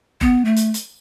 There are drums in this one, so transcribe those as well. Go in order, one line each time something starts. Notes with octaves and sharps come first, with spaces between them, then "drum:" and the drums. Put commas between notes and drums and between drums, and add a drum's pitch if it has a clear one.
B3, drum: kick F#1
A3
drum: hi-hat
drum: hi-hat